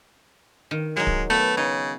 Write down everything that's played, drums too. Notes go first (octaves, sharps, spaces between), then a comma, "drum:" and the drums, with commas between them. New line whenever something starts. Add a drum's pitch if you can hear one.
D#3
F#3 G#3 D#4
drum: kick D1
A3 B3
C#3 D#4